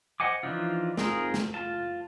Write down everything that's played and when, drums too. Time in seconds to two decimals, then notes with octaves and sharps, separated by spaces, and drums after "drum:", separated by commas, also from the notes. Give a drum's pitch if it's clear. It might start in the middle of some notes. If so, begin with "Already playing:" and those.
0.20 C5 D#5 F#5 G#5 D6
0.43 E3 F3 D4 D#4 F4
0.97 C4 D#4 F4 G#4 A#4, drum: snare
1.34 drum: snare
1.54 F4 A5